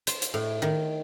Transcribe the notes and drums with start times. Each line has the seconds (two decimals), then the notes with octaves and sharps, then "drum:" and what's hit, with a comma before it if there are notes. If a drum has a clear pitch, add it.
0.07 C5, drum: hi-hat
0.22 drum: hi-hat
0.34 A2
0.62 D#3